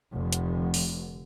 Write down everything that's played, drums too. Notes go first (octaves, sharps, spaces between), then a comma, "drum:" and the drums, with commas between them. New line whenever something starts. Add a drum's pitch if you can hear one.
F1 D3
drum: hi-hat
drum: open hi-hat